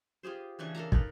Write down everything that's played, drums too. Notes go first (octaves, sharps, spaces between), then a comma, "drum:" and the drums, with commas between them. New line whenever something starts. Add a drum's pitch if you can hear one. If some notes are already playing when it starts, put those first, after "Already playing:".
F4 G4 G#4 C5
C#3 E3 D4 C#6
A4 A#4 F5 A#5
D#4 A#4 B4, drum: kick